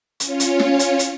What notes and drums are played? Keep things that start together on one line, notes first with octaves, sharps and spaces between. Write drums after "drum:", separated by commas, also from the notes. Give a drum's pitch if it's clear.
C#4 F4 C#5, drum: hi-hat
drum: hi-hat
drum: snare
drum: hi-hat
drum: hi-hat